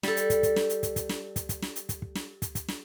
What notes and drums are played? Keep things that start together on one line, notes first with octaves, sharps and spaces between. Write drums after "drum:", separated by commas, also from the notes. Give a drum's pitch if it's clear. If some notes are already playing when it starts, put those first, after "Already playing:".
G3 A4, drum: snare
drum: hi-hat
drum: kick, hi-hat
drum: kick, hi-hat
drum: snare
drum: hi-hat
drum: kick, hi-hat
drum: kick, hi-hat
drum: snare
drum: kick, hi-hat
drum: kick, hi-hat
drum: snare
drum: hi-hat
drum: kick, hi-hat
drum: kick
drum: snare
drum: kick, hi-hat
drum: kick, hi-hat
drum: snare